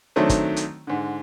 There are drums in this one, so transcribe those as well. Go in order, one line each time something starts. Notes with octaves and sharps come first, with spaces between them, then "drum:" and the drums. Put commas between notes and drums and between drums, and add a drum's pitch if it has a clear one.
D#3 F#3 A3 C4 D4
drum: kick, hi-hat
drum: hi-hat
G#2 D3